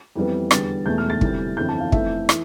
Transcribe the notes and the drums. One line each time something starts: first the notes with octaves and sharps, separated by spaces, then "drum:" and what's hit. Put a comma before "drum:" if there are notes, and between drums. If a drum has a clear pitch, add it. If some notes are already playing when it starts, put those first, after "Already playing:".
F2 E3 G3 B3
E2 D3 G3 B3 A6, drum: rim click
E1 E2 B2 A3 G6
F6
A6
D2 C3 E3 G3, drum: kick
G1 F2 E3 G6
A5
F5
F2 E3 A3 E5, drum: kick
E3, drum: rim click